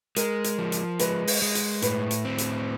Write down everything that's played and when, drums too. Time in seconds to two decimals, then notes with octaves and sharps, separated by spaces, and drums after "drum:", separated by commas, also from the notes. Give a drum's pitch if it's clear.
0.16 G#3 A#4, drum: hi-hat
0.44 drum: hi-hat
0.58 F3
0.72 drum: hi-hat
0.99 G#3 B4, drum: hi-hat
1.27 drum: open hi-hat
1.42 G#3
1.55 drum: hi-hat
1.82 A2 B4, drum: hi-hat
2.11 drum: hi-hat
2.25 C4
2.38 drum: hi-hat